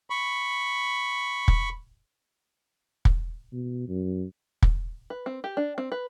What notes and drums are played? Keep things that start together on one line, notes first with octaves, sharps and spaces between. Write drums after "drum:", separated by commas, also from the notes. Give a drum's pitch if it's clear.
B5 C#6
drum: kick
drum: kick
B2
F#2
drum: kick
B4
C4
G4
D4
C4
B4